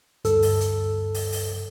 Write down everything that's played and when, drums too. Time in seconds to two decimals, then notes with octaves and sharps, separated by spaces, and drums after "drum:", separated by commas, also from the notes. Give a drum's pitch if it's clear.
0.25 D2 G2 A4 E6, drum: hi-hat
0.42 drum: open hi-hat
0.60 drum: hi-hat
1.14 drum: open hi-hat
1.32 drum: open hi-hat